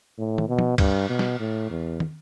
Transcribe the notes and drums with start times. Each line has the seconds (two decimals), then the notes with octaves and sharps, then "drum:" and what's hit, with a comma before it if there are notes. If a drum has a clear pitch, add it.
0.18 A2
0.38 drum: tom
0.49 B2
0.59 drum: tom
0.78 G2, drum: kick C#2, cymbal
1.09 B2
1.19 drum: snare
1.40 A2
1.70 E2
2.00 drum: tom